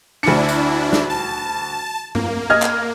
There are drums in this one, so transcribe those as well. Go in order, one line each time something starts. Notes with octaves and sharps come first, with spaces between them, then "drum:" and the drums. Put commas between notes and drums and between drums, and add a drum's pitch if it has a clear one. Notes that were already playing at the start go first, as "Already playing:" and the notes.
D2 D4 E4 C#7
drum: tambourine
drum: snare
A5
A#3, drum: tom
D#5 F6 G#6
drum: clap